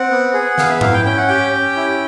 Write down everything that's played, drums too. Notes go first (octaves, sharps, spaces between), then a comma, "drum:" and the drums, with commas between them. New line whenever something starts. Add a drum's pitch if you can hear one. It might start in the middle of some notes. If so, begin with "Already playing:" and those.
Already playing: C4 F#5
B3
G#4
B3 F5, drum: snare
E5
E4 F5, drum: tom G#2
G5
C#4 G5
F#5
G4 G5
C#4
E4